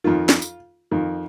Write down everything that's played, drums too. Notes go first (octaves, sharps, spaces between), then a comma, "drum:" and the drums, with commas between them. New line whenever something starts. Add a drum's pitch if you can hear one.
F2 D#3 F4
drum: snare
drum: tambourine
F2 D#3